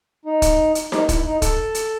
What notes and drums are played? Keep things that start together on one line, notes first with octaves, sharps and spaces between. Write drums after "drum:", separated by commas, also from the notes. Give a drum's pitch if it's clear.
D#4
drum: kick, hi-hat
drum: hi-hat
D#4, drum: snare D#4
E4, drum: kick, hi-hat
D#4
A4, drum: kick, hi-hat
drum: hi-hat